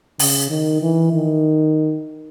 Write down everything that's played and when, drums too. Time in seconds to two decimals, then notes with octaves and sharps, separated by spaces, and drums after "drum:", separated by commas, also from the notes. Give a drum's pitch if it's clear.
0.19 C#3, drum: open hi-hat
0.50 D#3
0.82 E3
1.13 D#3